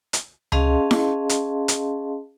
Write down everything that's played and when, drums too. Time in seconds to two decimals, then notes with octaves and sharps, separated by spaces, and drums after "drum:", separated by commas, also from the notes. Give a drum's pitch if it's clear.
0.13 drum: hi-hat
0.52 C#4 G#4 D#5 F5 A5 C6, drum: tom C#2
0.91 drum: snare E4
1.29 drum: hi-hat
1.68 drum: hi-hat